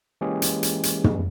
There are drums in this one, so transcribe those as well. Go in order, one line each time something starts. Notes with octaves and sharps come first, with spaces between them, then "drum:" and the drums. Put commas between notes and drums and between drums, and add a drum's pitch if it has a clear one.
E3 G#3 A#3 C#4 G4 G#4
drum: hi-hat
drum: hi-hat
drum: hi-hat
drum: tom